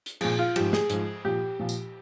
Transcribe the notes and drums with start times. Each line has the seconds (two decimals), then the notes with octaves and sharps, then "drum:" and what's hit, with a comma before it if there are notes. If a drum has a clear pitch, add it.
0.06 drum: hi-hat
0.21 A#2 F3 G#4, drum: cymbal
0.39 F4
0.56 G#2 F3 G4, drum: cymbal
0.73 G#4, drum: snare
0.90 G#2 F3, drum: hi-hat
1.25 A#2 F3 G4
1.59 A#2 F3
1.69 drum: tambourine